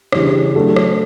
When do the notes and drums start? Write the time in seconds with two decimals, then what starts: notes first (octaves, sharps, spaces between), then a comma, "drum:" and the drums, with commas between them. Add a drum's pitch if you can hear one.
0.12 C#3 E3 G3 D4, drum: rim click
0.55 F#3 A3 D4 A4
0.76 drum: rim click